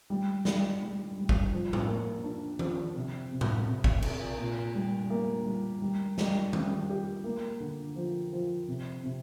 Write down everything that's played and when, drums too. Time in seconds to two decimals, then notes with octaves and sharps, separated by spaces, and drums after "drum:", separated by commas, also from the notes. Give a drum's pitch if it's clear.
0.10 G3
0.45 G3, drum: snare
0.82 G3
1.18 G3
1.29 drum: kick
1.52 F3
1.73 drum: tom A2
1.88 A#3
2.24 D4
2.59 F3, drum: tom D#3
2.96 C3
3.32 C3
3.41 drum: tom A2
3.67 C3
3.84 drum: kick
4.02 C3, drum: cymbal
4.39 A#2
4.75 G3
5.10 A#3
5.46 G3
5.82 G3
6.18 G3, drum: snare
6.53 G3, drum: tom D#3
6.90 G4
7.24 A#3
7.60 D3
7.96 F3
8.33 F3
8.68 C3
9.04 C3